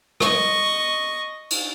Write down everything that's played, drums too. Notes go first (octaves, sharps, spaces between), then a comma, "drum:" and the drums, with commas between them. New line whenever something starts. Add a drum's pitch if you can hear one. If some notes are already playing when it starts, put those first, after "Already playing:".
D#5 C#6, drum: rim click
drum: cymbal